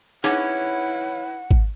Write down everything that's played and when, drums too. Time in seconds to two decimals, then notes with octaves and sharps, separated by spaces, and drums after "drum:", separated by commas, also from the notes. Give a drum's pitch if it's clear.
0.24 C#4 D#4 E4 G#4 B4 F#5 D6, drum: hi-hat
1.51 drum: kick G#1